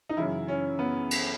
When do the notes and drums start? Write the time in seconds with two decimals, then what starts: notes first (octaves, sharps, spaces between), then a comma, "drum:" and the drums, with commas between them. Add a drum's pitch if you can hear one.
0.10 D#4
0.17 F#2 C#3 E3 E4
0.48 C#4
0.79 B3
1.11 drum: cymbal